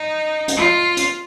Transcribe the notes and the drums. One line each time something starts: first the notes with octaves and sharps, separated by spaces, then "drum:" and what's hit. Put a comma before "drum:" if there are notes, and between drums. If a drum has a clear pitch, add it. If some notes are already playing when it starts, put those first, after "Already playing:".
Already playing: D#4
drum: hi-hat
F4
drum: hi-hat